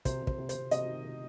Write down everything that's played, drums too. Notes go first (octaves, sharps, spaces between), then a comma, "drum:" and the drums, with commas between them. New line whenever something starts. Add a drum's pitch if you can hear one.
C3 C5, drum: kick, hi-hat
C3
C5, drum: kick
C3
C5, drum: hi-hat
C3
C3 D#5, drum: hi-hat
D#3
C3